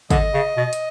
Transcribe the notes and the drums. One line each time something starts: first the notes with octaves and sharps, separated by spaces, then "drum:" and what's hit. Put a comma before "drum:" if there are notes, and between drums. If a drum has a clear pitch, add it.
D3 D#5, drum: kick, hi-hat
C#3
B2
drum: hi-hat